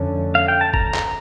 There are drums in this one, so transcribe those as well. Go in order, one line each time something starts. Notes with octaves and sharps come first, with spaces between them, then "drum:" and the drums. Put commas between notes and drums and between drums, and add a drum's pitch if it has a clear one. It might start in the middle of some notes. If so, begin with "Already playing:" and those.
Already playing: F2 D3 A3 C#4
F5
G5
A5
A#5, drum: kick
drum: clap